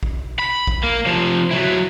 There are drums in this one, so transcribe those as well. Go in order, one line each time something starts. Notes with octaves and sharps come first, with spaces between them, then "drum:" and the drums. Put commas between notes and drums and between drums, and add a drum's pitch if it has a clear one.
drum: kick
B5
drum: kick
A#3
C3 F3
F#3 E4